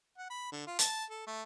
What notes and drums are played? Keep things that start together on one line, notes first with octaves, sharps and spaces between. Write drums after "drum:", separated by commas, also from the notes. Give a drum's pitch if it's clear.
F#5
B5
D3
F4
A5, drum: hi-hat
A4
A3